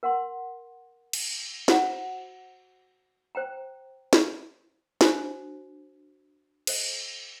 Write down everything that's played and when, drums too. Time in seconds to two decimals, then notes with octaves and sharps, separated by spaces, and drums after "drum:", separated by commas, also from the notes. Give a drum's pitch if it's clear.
0.03 A#4 F#5 C6
1.13 drum: cymbal
1.68 F#4 C5 F#5 A#5, drum: snare
3.35 C5 G5 A#5
4.13 drum: snare
5.01 D4 F#4 C5, drum: snare
6.67 A4 C5 D#5, drum: cymbal